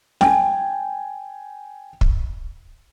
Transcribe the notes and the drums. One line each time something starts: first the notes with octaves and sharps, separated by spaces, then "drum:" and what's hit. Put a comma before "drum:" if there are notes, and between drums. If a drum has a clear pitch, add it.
G5 G#5, drum: snare
drum: kick